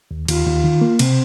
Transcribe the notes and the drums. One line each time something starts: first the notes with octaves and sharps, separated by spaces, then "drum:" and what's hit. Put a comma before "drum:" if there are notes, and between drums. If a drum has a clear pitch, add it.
D#2
D#2 F4, drum: cymbal
D#2
D#3
A#3
C3 C4, drum: cymbal